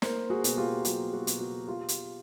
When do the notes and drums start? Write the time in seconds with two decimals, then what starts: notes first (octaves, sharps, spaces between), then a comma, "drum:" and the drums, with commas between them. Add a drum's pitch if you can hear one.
0.02 A#3 A#4 C5, drum: snare
0.30 F#4 G#4
0.44 B2, drum: hi-hat
0.57 F4 G4
0.85 F#3 F4 G4, drum: hi-hat
1.13 F#4
1.27 B2, drum: hi-hat
1.41 F#4
1.67 F4 G4
1.88 drum: hi-hat